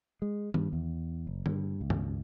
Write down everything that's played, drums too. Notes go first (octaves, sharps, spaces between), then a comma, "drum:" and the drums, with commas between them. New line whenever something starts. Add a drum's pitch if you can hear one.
G#3
G2, drum: tom D#3
E2
F#1
G2, drum: tom D3
C#2
drum: tom G2